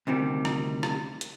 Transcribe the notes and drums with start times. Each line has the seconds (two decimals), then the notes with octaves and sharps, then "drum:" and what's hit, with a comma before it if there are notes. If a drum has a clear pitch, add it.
0.07 D2 C3 D#3 G3
0.45 drum: rim click
0.83 drum: rim click
1.21 drum: hi-hat